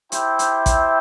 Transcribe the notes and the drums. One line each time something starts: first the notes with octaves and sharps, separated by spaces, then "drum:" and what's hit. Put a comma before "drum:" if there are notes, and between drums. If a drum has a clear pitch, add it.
E4 G4 C5 E5 G5, drum: hi-hat
drum: hi-hat
drum: kick A1, hi-hat